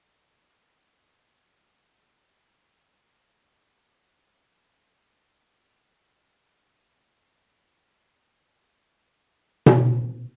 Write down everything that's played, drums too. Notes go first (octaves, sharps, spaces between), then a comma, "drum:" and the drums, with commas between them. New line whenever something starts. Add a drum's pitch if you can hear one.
F#5
A4
G#5
D#4 C5
A4 A#4
B4
D#4 E4 G4 G#4
C#5 F5
E5
F4
F4
C#3 A3 F4 B4
F#3 E4
drum: tom B2